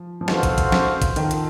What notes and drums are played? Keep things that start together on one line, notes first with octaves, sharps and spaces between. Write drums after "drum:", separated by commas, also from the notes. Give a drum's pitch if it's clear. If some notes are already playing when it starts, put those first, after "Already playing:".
Already playing: F3
F3
E3 F#4 A4 C5 F5, drum: snare
drum: kick, hi-hat
drum: kick, hi-hat
drum: snare
drum: kick, hi-hat
D#3 F4 A4, drum: hi-hat
drum: hi-hat